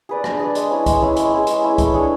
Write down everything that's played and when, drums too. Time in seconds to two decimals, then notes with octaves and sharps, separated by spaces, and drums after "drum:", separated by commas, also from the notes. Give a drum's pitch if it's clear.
0.09 G#4 B4 D5
0.24 D4, drum: rim click
0.40 G#4 B4 D5
0.55 G#3, drum: hi-hat
0.71 C#4 E4 G#4
0.86 G#3, drum: kick C2, hi-hat
1.02 C#4 E4 G#4
1.17 G#3, drum: hi-hat
1.32 C#4 E4 G#4
1.47 G#3, drum: hi-hat
1.63 C#4 E4 G#4
1.78 A3, drum: kick C2, hi-hat
1.93 D4 G#4 C#5